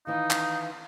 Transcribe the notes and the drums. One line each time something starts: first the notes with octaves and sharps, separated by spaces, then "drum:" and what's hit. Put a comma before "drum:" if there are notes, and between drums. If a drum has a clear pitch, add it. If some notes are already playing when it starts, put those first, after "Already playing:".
D#3 E3 D#4 F5
drum: clap